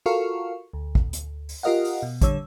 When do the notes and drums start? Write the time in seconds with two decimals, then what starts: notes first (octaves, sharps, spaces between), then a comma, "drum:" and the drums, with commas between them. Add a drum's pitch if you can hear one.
0.06 F4 F#4 A4 A#4 F5 C#6
0.73 D2
0.95 drum: kick
1.13 drum: hi-hat
1.49 drum: open hi-hat
1.63 F4 G4 A#4 D#5 F5 F#5
1.85 drum: open hi-hat
2.03 B2
2.22 D3 G3 C#5 E6, drum: kick, hi-hat